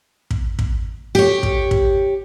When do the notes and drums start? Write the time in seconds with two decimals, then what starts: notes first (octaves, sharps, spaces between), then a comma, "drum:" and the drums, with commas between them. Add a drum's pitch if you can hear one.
0.30 drum: kick
0.59 drum: kick
1.15 G4 C#5
1.43 drum: kick
1.71 drum: kick